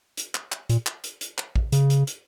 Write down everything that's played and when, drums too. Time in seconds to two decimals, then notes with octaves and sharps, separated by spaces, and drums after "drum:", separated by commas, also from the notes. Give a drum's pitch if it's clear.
0.17 drum: hi-hat
0.35 drum: clap
0.52 drum: clap
0.69 A#2, drum: hi-hat
0.86 drum: clap
1.04 drum: hi-hat
1.21 drum: hi-hat
1.38 drum: clap
1.56 drum: kick A1
1.72 C#3, drum: hi-hat
1.90 drum: hi-hat
2.07 drum: hi-hat